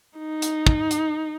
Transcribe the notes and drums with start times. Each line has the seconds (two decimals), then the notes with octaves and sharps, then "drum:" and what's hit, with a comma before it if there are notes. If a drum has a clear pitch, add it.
0.18 D#4
0.42 drum: hi-hat
0.67 drum: kick
0.91 drum: hi-hat